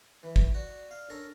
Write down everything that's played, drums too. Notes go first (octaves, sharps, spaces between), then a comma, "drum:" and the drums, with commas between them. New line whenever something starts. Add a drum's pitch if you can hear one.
E3 B4
drum: kick
F#4 D5
F5
C#4 D4 A4 A#4